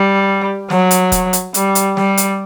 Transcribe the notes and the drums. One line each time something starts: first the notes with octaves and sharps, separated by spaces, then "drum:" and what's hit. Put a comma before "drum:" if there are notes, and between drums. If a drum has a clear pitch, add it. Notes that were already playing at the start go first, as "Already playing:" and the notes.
Already playing: G3
F#3, drum: snare
drum: hi-hat
drum: kick, hi-hat
drum: hi-hat
G3, drum: hi-hat
drum: hi-hat
G3, drum: snare
drum: hi-hat